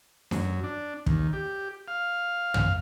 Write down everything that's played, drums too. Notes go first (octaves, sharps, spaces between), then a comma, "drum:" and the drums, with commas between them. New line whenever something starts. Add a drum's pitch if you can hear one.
F#2, drum: snare D4
D4
D#2, drum: kick
G4
F5
drum: tom